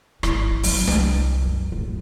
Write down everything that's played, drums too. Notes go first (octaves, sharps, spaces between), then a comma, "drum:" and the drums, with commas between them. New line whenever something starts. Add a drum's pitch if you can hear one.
G#1 E4, drum: rim click
F#3 C4, drum: open hi-hat
C2, drum: snare D4
F#2
D1